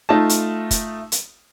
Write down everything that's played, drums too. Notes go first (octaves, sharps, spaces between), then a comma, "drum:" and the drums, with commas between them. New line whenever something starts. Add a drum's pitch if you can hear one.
A3 D#4 F4 A5
drum: hi-hat
drum: kick, hi-hat
drum: hi-hat